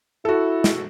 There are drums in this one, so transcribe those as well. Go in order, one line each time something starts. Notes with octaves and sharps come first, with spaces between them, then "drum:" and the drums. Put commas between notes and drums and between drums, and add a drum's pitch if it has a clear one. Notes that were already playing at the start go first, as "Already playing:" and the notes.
E4 F#4 A4
drum: snare